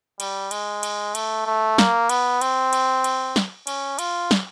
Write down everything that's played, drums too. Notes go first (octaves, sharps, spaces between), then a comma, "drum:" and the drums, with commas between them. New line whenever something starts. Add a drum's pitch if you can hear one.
G3, drum: cymbal
G#3, drum: cymbal
drum: cymbal
A3, drum: cymbal
A3
A#3, drum: snare
B3, drum: cymbal
C4, drum: cymbal
drum: cymbal
drum: cymbal
drum: snare
C#4, drum: cymbal
F4, drum: cymbal
drum: snare